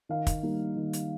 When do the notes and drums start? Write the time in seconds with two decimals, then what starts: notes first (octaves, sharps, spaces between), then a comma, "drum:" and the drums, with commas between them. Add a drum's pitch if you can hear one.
0.09 D#3 F5
0.27 drum: kick, hi-hat
0.43 G3 A#3 D#4
0.76 D#3
0.93 drum: hi-hat